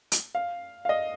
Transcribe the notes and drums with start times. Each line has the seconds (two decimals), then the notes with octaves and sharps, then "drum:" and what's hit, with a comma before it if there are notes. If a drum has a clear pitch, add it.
0.12 drum: hi-hat
0.35 F5
0.85 F5
0.89 D#5